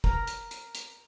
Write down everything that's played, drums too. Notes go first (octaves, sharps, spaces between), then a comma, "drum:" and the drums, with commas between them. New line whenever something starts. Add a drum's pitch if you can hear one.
A#4 A#5, drum: kick
drum: hi-hat
drum: hi-hat
drum: hi-hat